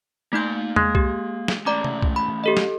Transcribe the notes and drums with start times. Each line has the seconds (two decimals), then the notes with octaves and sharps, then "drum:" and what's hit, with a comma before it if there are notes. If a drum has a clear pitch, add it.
0.33 A3 A#3 D#4 C6 G6
0.76 G#3, drum: tom E2
0.95 G4, drum: kick C2
1.48 drum: snare
1.66 A3 C#4 D5 A#5 D6
1.84 drum: tom C3
2.02 drum: kick C2
2.16 B5
2.44 G4 A4 D#5
2.57 drum: snare